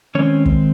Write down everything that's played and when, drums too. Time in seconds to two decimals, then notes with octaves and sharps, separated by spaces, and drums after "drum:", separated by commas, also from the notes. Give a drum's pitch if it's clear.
0.15 D#3 G#3 C4 C#4 C#5
0.45 drum: kick